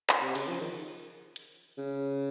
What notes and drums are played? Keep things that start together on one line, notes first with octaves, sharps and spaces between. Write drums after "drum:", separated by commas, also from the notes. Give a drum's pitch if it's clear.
drum: clap
C3
C#3, drum: cymbal
F3
D#3
drum: hi-hat
C#3